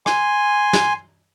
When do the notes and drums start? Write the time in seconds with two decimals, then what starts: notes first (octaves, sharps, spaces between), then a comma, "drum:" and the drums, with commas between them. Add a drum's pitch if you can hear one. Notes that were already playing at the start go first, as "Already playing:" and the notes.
0.06 G#5 C6, drum: rim click
0.73 drum: snare